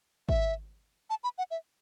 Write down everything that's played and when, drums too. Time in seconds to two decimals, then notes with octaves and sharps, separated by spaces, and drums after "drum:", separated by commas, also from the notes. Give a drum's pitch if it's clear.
0.29 E5, drum: kick G#1
1.10 A5
1.24 B5
1.38 F#5
1.51 E5